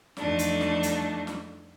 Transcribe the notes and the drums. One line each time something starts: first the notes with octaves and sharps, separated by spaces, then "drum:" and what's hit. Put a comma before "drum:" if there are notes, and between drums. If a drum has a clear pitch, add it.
F2 E3 G3 A3 D4 D#4, drum: snare
drum: hi-hat
drum: snare
drum: hi-hat
drum: snare